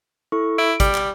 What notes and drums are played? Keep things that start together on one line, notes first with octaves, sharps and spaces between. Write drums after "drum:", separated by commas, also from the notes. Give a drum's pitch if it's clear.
E4 A4 C#6
E4 D7
G3, drum: kick G#1, hi-hat
drum: clap